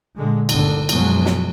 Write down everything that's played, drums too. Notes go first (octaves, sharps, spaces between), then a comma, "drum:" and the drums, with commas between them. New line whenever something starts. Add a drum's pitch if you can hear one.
A#2 D3 G#3
G1 D2 D3 D#3, drum: cymbal
F#2 B2 F3 F#3 G#3 B3, drum: cymbal
drum: snare